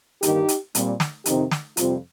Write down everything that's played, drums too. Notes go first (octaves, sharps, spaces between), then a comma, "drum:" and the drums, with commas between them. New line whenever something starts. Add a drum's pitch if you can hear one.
G2 D#3 A#3 D#4 G4, drum: hi-hat
drum: hi-hat
A#2 G3 C4, drum: hi-hat
drum: snare
F2 C3 D#3 C4 D#4 G4, drum: hi-hat
drum: snare
F2 C3 G3 C4 F4, drum: hi-hat